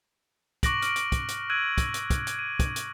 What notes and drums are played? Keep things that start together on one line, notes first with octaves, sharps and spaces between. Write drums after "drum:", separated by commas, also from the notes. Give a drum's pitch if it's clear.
C#6 D6 F#6 A#6 D7 F#7, drum: kick, hi-hat
F6 D7, drum: hi-hat
drum: hi-hat
drum: kick, hi-hat
drum: hi-hat
E6 F#6 G#6 D7 D#7 F#7
drum: kick, hi-hat
drum: hi-hat
drum: kick, hi-hat
drum: hi-hat
D#7
drum: kick, hi-hat
drum: hi-hat